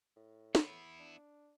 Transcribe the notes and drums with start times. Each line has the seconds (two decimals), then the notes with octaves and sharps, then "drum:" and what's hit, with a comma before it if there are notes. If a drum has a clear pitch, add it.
0.16 A2
0.55 B3 E4, drum: snare
0.99 D4